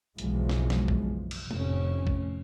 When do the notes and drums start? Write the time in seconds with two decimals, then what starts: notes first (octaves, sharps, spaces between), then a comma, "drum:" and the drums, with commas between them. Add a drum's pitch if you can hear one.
0.18 F#1 B1 B2 E3 F3 G#3, drum: hi-hat
0.49 drum: snare
0.70 drum: snare
0.88 drum: kick A1
1.31 drum: cymbal
1.51 F1 A2 C#4, drum: tom G#3
2.07 drum: kick A1